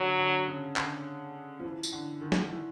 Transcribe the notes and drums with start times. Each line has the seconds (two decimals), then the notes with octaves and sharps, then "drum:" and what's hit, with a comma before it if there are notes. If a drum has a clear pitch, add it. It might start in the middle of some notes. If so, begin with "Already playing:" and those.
Already playing: D3 F#3
0.18 D3
0.48 C#3
0.76 D3, drum: clap
1.59 F3
1.63 E3
1.83 drum: tambourine
1.92 D3
2.21 D#3
2.32 drum: snare
2.50 E3